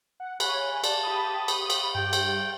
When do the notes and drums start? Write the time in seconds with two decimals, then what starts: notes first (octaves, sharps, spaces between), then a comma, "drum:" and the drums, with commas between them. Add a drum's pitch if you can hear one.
0.20 F#5
0.40 C#5 G#5 B5 F#6, drum: cymbal
0.84 D5 A5, drum: cymbal
1.03 G4 B5 D#6
1.48 drum: cymbal
1.70 drum: cymbal
1.94 G2 G4 G5
2.13 drum: cymbal